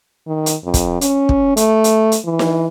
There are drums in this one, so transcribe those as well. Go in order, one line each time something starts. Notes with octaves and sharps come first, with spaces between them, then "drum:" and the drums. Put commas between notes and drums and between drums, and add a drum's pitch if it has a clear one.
D#3
drum: hi-hat
F2
drum: kick, hi-hat
C#4, drum: hi-hat
drum: kick
A3, drum: hi-hat
drum: hi-hat
drum: hi-hat
E3
drum: snare